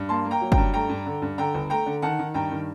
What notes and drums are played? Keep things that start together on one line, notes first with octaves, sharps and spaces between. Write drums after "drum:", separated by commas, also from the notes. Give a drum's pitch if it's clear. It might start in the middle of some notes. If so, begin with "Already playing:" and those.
Already playing: G2
A#3 A5 C6
A#3
G5 A#5
F#3
G5 A#5, drum: kick
G2
A3 G5 A#5
G2
D3
G2
D3 G5 A#5
G1
A3 G5 A#5
D3
D#3 F#5 A5
D#3
G2 G5 A#5
D#3